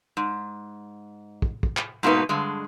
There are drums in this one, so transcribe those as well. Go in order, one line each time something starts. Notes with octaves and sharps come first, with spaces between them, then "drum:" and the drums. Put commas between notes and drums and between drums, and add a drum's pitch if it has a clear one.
G#2
drum: kick
drum: kick
drum: clap
G#2 B2 A#3 D#4 B4
G2 D3 G#3